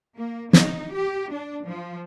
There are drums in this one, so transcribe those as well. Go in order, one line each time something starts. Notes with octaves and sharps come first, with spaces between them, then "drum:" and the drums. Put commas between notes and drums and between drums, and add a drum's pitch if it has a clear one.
A#3
D#4, drum: snare
G4
D4
F3